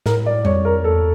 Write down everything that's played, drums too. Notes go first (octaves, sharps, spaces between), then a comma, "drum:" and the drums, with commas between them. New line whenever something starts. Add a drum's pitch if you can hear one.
A2 A#4, drum: snare
D5
F2 C#5, drum: tom G3
A#4
E2 A4